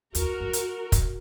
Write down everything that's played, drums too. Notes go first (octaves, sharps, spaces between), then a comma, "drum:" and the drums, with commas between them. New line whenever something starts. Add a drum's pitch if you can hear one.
E2 F#4 A#4, drum: hi-hat
F#2
drum: hi-hat
drum: kick, hi-hat